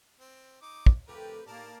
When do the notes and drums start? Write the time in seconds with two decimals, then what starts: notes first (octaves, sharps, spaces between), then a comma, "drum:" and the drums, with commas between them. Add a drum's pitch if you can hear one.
0.20 C4
0.62 D#4 D6
0.86 drum: kick
1.08 F2 D3 A3 G4 A#4 B4
1.46 A2 A#3 D#4 A#4 D5 A5